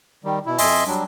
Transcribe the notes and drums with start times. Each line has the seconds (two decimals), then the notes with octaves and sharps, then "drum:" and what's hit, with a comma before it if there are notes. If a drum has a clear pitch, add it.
0.24 D#3 G3
0.46 B2 E4
0.58 F2 D#5 E5 G#5 C6, drum: open hi-hat
0.86 F#3 G3 D4